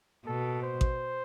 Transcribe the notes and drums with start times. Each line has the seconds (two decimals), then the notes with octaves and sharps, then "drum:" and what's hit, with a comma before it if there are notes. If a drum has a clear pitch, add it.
0.26 B2 A4
0.63 C5
0.81 drum: kick A1